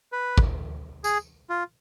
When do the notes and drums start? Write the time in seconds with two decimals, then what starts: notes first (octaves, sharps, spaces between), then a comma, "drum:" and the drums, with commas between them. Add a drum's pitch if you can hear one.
0.12 B4
0.38 drum: kick
1.04 G#4, drum: tambourine
1.50 F4